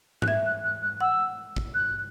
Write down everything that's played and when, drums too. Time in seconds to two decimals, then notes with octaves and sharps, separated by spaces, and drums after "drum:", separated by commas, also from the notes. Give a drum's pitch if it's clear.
0.22 F#6, drum: tom G#2
0.28 E5 G#6
0.46 F#6
0.64 F#6
0.82 F#6
1.00 F#5 E6
1.56 drum: kick
1.74 F#6